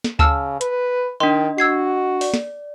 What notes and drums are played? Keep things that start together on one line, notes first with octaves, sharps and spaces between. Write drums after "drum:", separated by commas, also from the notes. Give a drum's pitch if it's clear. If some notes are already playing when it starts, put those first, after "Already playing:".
drum: snare
C#3 A5 E6 F6, drum: kick D2
B4, drum: hi-hat
D#3 D4 D#5 C6
F#4 E6 G#6 C7
D5, drum: open hi-hat
drum: snare